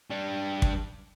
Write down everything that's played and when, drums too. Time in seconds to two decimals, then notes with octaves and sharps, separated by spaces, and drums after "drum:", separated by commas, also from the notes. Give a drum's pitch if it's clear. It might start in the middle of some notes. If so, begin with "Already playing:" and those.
0.10 G3 D4
0.62 drum: kick